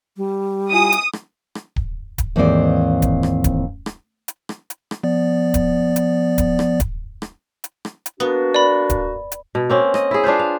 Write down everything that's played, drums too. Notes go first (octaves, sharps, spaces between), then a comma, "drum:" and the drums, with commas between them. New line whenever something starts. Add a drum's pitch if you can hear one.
G3
E4 F4 G#4 D#6
drum: hi-hat
drum: rim click
drum: rim click
drum: kick D1
drum: kick D1, hi-hat
D#2 G#2 E3 C4 D5
drum: kick D1, hi-hat
drum: rim click
drum: kick D1, hi-hat
drum: rim click
drum: hi-hat
drum: rim click
drum: hi-hat
drum: rim click
F3 B3 D5
drum: kick D1, hi-hat
drum: hi-hat
drum: kick D1, hi-hat
drum: rim click
drum: kick D1, hi-hat
drum: rim click
drum: hi-hat
drum: rim click
drum: hi-hat
A#3 B3 D4 F#4
D5 B5
drum: kick D1, hi-hat
drum: hi-hat
B2
A#3 C4 C#4
D#5, drum: rim click
E4 G#4
D4 F4 B4 C5
F5